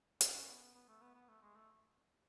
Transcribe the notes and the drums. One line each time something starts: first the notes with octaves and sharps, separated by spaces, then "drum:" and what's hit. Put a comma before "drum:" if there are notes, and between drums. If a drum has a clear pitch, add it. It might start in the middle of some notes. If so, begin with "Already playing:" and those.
C#4, drum: hi-hat
B3
B3
A3
B3
B3
A3
G#3
A3